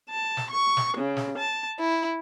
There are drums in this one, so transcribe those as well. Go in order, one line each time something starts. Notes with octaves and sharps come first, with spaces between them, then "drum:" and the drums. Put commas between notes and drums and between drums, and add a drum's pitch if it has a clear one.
A5
drum: snare
C#6
drum: snare
C#3
drum: snare
A5
E4